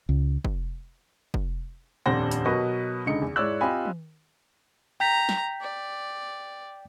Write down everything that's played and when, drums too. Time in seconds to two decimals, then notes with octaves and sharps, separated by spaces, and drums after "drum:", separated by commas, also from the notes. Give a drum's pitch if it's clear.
0.09 C#2
0.45 drum: kick
1.34 drum: kick
2.06 D#1 F2 D4 C5 F#5 A#6
2.31 drum: hi-hat
2.45 B2 F#3 A#4 B4 D#5 C#6
3.06 C#2 D3 D#4 C#7
3.22 E2
3.36 G#2 E4 C#5 D5 E6 F#6
3.61 C4 F4 G4 D#5 G#5 B5
3.86 drum: tom
5.00 G5 A#5 G6 B6
5.29 drum: snare
5.61 D5